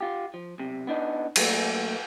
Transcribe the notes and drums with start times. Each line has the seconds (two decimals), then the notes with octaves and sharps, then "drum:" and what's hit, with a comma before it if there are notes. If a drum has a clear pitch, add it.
0.01 F4 G4
0.34 F3
0.58 B1 C3
0.87 B3 D4 D#4
1.36 B2 F#3 A3 A#3, drum: cymbal